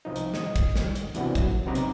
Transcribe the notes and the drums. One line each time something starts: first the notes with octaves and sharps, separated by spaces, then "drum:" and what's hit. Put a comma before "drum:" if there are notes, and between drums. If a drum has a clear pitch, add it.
C2 F3 D#4
drum: hi-hat
D#5, drum: snare
drum: kick, hi-hat
drum: snare
drum: hi-hat
C3 E3 G3 B3 D4 F#4, drum: hi-hat
A#2 F#3, drum: kick, hi-hat
C3 B3 C4 D#4 A#5 D6
drum: hi-hat